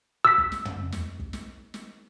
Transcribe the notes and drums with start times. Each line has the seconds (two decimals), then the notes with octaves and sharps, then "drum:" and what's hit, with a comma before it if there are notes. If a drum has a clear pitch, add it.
0.25 E6 B6
0.38 drum: kick
0.52 drum: snare
0.65 drum: tom
0.92 drum: snare
1.19 drum: kick
1.33 drum: snare
1.74 drum: snare